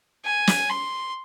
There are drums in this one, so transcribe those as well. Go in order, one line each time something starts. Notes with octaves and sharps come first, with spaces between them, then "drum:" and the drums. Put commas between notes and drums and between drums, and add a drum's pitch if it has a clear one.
G#5
drum: snare
C6